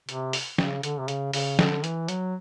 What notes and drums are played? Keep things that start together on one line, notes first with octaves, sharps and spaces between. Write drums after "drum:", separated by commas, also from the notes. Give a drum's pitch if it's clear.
C3, drum: hi-hat
drum: open hi-hat
C#3, drum: snare
D3, drum: hi-hat
C3
C#3, drum: hi-hat
C#3, drum: open hi-hat
D3, drum: snare
E3, drum: hi-hat
F#3, drum: hi-hat